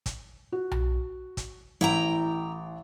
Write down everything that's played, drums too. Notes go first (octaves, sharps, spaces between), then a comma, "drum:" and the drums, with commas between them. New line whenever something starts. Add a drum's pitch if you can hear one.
drum: kick, hi-hat
F#4
drum: tom B1
drum: kick, hi-hat
A1 E4 G5 A#5